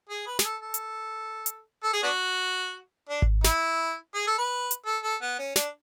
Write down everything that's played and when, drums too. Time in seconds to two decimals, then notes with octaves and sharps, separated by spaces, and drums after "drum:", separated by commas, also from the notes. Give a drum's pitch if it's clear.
0.09 G#4
0.26 B4
0.39 G#4, drum: snare
0.44 A4
0.62 A4
0.74 drum: hi-hat
1.46 drum: hi-hat
1.83 A4
1.93 G#4
2.03 B3 D4 F#4
3.09 D4
3.22 drum: kick G#1
3.44 E4, drum: snare
4.15 G#4
4.27 A4
4.38 B4
4.71 drum: hi-hat
4.85 A4
5.03 A4
5.22 B3
5.39 C#4
5.56 D4, drum: snare